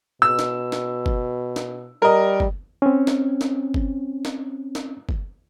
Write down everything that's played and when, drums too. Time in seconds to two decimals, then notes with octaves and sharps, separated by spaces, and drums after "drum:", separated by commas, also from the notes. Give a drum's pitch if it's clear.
0.22 B2 E6
0.39 drum: snare
0.72 drum: snare
1.06 drum: kick
1.56 drum: snare
2.02 G3 A#4 D#5
2.40 drum: kick
2.82 C4 C#4
3.07 drum: snare
3.41 drum: snare
3.74 drum: kick
4.25 drum: snare
4.75 drum: snare
5.09 drum: kick